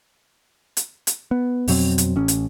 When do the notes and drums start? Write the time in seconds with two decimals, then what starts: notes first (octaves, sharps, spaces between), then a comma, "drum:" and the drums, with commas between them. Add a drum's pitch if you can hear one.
0.77 drum: hi-hat
1.07 drum: hi-hat
1.31 B3
1.68 F2 B2 F#3 C4, drum: open hi-hat
1.98 drum: hi-hat
2.16 A1 C#4
2.28 drum: hi-hat